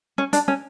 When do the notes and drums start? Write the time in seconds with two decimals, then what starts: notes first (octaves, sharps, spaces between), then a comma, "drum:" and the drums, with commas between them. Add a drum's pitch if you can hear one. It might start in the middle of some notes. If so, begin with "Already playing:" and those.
0.18 C#4
0.33 D4, drum: hi-hat
0.48 C#4